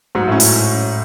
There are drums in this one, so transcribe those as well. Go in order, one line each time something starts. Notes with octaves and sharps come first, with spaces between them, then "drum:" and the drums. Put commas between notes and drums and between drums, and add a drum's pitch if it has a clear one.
G#2 F#3
A2 C#4
drum: open hi-hat